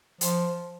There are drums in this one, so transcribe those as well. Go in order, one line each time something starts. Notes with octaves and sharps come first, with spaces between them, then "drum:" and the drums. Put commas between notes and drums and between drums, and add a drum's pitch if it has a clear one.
F3, drum: hi-hat